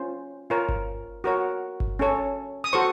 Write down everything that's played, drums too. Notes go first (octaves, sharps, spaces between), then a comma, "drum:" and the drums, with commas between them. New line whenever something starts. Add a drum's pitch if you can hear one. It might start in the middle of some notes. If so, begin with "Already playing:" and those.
Already playing: C#4 F4 C5
F4 A#4 C#5
drum: kick G1
F#4 A#4 C#5
drum: kick G1
C#4 A4 C#5
D#6
F#4 A4 C5 C#6